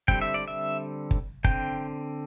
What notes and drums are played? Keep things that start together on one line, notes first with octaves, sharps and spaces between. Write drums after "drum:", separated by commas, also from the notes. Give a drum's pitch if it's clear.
D3 G3 C4 G5, drum: kick
E5
D5
E5
drum: kick
D3 C4 G5, drum: kick